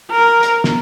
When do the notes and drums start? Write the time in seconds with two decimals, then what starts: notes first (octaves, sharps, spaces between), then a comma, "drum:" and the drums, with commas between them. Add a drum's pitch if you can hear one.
0.11 A#4
0.43 drum: hi-hat
0.64 drum: snare